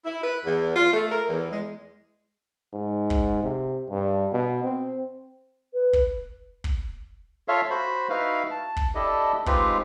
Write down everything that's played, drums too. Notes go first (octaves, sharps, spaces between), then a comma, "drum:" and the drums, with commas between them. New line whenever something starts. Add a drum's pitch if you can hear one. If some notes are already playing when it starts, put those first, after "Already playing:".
E4
B4
E2
F4
A3
A#4
E2
G#3
G#2
drum: kick
C3
G2
B2
C4
B4
drum: kick
drum: kick
F4 A4 C#5 E5 F5
F#4 C5 B5
D#4 E4 F#4 B4 F5
A5
drum: kick
D4 E4 G4 A4 D#5
G#3 C4 D#4 F4 G4 B4, drum: kick